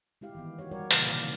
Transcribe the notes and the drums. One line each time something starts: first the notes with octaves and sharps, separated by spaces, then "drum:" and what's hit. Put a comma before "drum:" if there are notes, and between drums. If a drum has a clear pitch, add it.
G#3 E4 G4 F5
D#3 E3 B3
F#4 G4 C#5
G3 F#4 A#4 C#5 D5
A#2 C#3 E3 A#3 G#4 F5, drum: hi-hat
C3 D#3 D5 F5